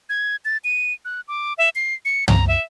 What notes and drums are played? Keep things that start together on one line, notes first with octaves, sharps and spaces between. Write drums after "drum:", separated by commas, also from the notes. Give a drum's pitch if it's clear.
G#6
A6
D#7
F#6
D6
E5
C7
C#7
A#5, drum: tom
E5